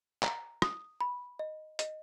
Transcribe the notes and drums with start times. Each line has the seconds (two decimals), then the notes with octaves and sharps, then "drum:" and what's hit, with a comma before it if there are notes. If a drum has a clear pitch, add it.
0.23 A#5, drum: clap
0.62 D#6, drum: rim click
1.01 B5
1.39 D#5
1.79 D#5, drum: hi-hat